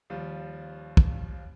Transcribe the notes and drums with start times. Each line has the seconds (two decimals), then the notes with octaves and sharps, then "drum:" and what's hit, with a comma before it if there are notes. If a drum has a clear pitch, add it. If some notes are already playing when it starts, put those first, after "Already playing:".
0.10 D#2 F3 G3
0.97 drum: kick